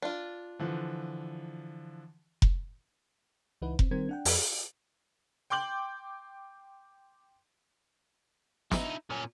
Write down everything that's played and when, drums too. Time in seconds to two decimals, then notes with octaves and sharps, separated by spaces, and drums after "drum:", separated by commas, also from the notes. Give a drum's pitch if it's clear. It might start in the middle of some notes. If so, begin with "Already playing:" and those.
0.02 D4 F4
0.60 D3 E3 F3
2.42 drum: kick F1
3.62 C#2 E3 D#4 E4 B4 F#5
3.79 C4, drum: kick F1
3.91 D#3 G3 C4 A#4 C5 G#6
4.09 D4 F#5 G5
4.25 F2 G#6 B6, drum: open hi-hat
5.50 G5 C6 D6 G6 F#7
8.72 D#4 E4, drum: snare
9.10 A#2 C#4